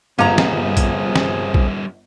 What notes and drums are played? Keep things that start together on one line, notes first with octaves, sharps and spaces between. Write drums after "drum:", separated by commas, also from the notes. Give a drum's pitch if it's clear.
G1 C3 F3 G3 A#3 C#4 G#4 A#5
drum: snare
drum: kick A#1, hi-hat
drum: snare
drum: kick A#1